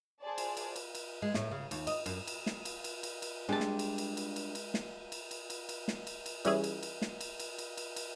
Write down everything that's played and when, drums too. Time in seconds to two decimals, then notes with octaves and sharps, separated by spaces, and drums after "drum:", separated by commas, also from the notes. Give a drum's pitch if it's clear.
0.22 G#4 C5 D5 A5
0.38 drum: cymbal
0.57 drum: cymbal
0.76 drum: cymbal
0.95 drum: cymbal
1.22 G#3
1.34 A2, drum: snare
1.51 C#3
1.71 D#2, drum: cymbal
1.87 D#5, drum: cymbal
2.06 F#2, drum: cymbal
2.27 drum: cymbal
2.46 drum: snare
2.65 drum: cymbal
2.84 drum: cymbal
3.03 drum: cymbal
3.22 drum: cymbal
3.49 G3 G#3 D4 G5 A5
3.60 drum: snare
3.79 drum: cymbal
3.98 drum: cymbal
4.17 drum: cymbal
4.36 drum: cymbal
4.55 drum: cymbal
4.74 drum: snare
5.12 drum: cymbal
5.31 drum: cymbal
5.50 drum: cymbal
5.69 drum: cymbal
5.88 drum: snare
6.07 drum: cymbal
6.26 drum: cymbal
6.45 E3 G3 C#4 E4 G#4, drum: cymbal
6.64 drum: cymbal
6.83 drum: cymbal
7.02 drum: snare
7.21 drum: cymbal
7.40 drum: cymbal
7.59 drum: cymbal
7.77 drum: cymbal
7.96 drum: cymbal